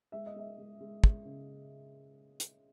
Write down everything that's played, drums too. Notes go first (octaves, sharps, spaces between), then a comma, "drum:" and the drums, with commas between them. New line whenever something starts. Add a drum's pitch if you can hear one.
G#3 E5
D#5
G#3 E5
G#3
G#3
G#3, drum: kick
C#3
drum: hi-hat